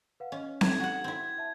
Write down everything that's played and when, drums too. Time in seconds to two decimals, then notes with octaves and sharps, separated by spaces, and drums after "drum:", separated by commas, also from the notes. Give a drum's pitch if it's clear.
0.20 B4 F5 F#5
0.32 C#4 D#5
0.61 D#4 A4 G#6, drum: snare C4
0.80 F#4 F#5
1.04 C4 E4
1.38 E5 A5